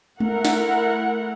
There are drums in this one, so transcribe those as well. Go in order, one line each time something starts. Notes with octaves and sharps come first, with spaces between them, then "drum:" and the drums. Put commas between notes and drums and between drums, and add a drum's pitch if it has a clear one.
A3 E4 A#4 F#5, drum: tom G#3
drum: snare